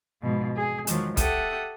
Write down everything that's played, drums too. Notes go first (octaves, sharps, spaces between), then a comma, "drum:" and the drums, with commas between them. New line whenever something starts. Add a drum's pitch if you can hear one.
G#2 B2 F3
G#4
E2 D#3 F3 F#3 G#3, drum: hi-hat
G4 A4 E5 F#5 G5 D#6, drum: kick, hi-hat